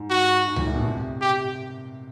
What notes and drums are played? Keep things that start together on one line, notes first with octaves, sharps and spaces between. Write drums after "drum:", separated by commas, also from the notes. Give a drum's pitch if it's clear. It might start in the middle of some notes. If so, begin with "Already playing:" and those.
Already playing: G#2
F#4
G#2
A#2, drum: tom C#2
A2
B2
C3
G4